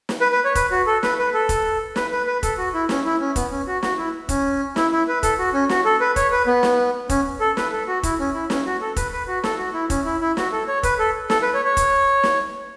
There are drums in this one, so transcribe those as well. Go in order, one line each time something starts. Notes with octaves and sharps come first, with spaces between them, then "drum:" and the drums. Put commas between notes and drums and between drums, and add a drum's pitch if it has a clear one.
drum: snare
B4
B4
C#5
B4, drum: kick, hi-hat
F#4
A4
B4, drum: snare
B4
A4
drum: kick, hi-hat
B4, drum: snare
B4
B4
A4, drum: kick, hi-hat
F#4
E4
C#4, drum: snare
E4
C#4
B3, drum: kick, hi-hat
C#4
F#4
F#4, drum: snare
E4
C#4, drum: kick, hi-hat
E4, drum: snare
E4
B4
A4, drum: kick, hi-hat
F#4
C#4
F#4, drum: snare
A4
B4
C#5, drum: kick, hi-hat
B4
B3
drum: snare
C#4, drum: kick, hi-hat
A4
B4, drum: snare
A4
F#4
E4, drum: kick, hi-hat
C#4
E4
C#4, drum: snare
F#4
A4
B4, drum: kick, hi-hat
B4
F#4
A4, drum: snare
F#4
E4
C#4, drum: kick, hi-hat
E4
E4
F#4, drum: snare
A4
C#5
B4, drum: kick, hi-hat
A4
A4, drum: snare
B4
C#5
C#5
drum: kick, hi-hat
drum: snare